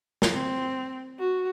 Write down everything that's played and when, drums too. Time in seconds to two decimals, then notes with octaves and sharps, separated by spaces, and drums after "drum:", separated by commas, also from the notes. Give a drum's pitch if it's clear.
0.22 drum: snare
0.33 C4
1.19 F#4